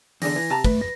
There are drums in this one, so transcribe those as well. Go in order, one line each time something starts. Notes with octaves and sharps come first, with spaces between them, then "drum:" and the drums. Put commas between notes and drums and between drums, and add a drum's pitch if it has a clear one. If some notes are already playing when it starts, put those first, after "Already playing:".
E2 D3 A#6, drum: open hi-hat
E3
C3 A5 A#5
A3 B4, drum: kick
A#6